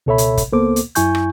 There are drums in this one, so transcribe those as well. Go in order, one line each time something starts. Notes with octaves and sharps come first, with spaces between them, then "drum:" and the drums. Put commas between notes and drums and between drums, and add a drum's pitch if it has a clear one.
C#2 B2 A4 C#5 E5 B5
drum: hi-hat
drum: kick, hi-hat
C#2 A#3 B3 A4 C5 D6
drum: hi-hat
F#2 E4 G#5 C#6 G6, drum: hi-hat
drum: rim click